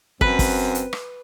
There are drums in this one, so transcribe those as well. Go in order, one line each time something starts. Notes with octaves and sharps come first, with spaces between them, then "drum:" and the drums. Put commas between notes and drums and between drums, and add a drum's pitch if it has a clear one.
F#2 C4 B4, drum: kick
drum: kick, open hi-hat
drum: hi-hat
drum: rim click